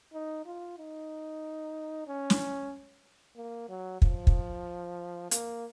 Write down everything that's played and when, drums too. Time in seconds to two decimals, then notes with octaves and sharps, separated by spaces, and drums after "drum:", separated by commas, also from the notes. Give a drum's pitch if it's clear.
0.14 D#4
0.46 F4
0.78 D#4
2.07 C#4
2.30 drum: snare
3.37 A#3
3.69 F#3
4.02 F3, drum: kick
4.27 drum: kick
5.31 A#3, drum: hi-hat